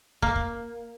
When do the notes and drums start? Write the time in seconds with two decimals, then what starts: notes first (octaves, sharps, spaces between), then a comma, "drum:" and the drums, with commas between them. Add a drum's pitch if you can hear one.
0.22 A#3, drum: kick
0.35 drum: kick